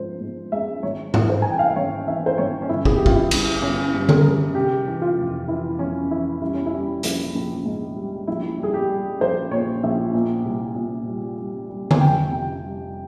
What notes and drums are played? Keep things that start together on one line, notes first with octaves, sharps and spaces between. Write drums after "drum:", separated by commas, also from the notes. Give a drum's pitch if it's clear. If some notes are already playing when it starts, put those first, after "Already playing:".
Already playing: G#2 F3 C5
G#2
G#3 E5
G#1 C#5
G#1, drum: tom G#2
C5
E3 G#5
G5
F5
E5
G#1 C#5
E3 E5
C5
G#1 C#5
C#4
G1 E4
G#4, drum: kick
G1 G4
F4, drum: kick
E4
G3, drum: cymbal
G1 C#4
G2
G#4, drum: tom D3
A#4
G2 G#4
C3 G4
E3
F4
F1
E3 E4
F1 C#4
E3 E4
G3 E4
C#4
E4
G3
A#1, drum: hi-hat
A#1
G#2
G3
A#1 E4
G3 G#4
G4
G3
A#1 C5
A#2 C#5
A#1 E5
A#2
C2
A#2
G3
G3
G3
G#5, drum: tom D3
F1 G5
C3 G5
G3